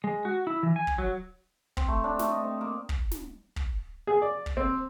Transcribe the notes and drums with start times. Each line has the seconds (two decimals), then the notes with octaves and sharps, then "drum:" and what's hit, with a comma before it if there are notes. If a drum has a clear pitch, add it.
0.04 G#3
0.25 F#4
0.47 E4
0.63 E3
0.76 G#5
0.87 drum: kick
0.98 F#3
1.77 C4, drum: kick
1.88 A3
2.04 D4
2.19 A3, drum: snare
2.31 D#5
2.44 C4
2.61 A#3
2.89 drum: kick
3.11 drum: snare
3.56 drum: kick
4.07 G#4
4.22 D5
4.46 drum: kick
4.57 C4